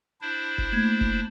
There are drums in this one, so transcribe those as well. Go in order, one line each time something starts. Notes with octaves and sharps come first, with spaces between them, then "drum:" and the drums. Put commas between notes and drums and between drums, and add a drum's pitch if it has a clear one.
D4 E4 C5
drum: kick F#1
A3 A#3 G#6
drum: kick F#1